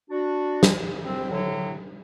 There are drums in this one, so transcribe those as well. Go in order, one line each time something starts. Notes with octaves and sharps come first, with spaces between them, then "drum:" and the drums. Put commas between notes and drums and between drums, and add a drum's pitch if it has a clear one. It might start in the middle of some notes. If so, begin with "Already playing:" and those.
D4 F#4
drum: snare
C4
A2 D3 F#3